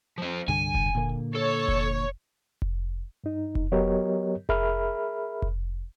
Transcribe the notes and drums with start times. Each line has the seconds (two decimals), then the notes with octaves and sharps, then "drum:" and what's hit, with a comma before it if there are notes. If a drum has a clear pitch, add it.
0.18 F3 C4
0.48 C2 G2 D3 G#5
0.75 drum: kick F1
0.95 A#2 D3 A#3
1.35 A4 C#5
1.68 drum: kick F1
2.62 drum: kick F1
3.24 G2 D#4
3.55 drum: kick F1
3.72 F#3 B3 G4 A#4 C#5 D#5
4.49 G#4 A#4 E5 B5 F6, drum: kick F1
5.42 drum: kick F1